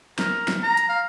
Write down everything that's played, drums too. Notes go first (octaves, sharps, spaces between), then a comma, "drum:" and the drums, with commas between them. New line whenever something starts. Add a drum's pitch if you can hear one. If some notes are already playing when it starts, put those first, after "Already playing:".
A#4, drum: snare
drum: snare
A#5
drum: hi-hat
F5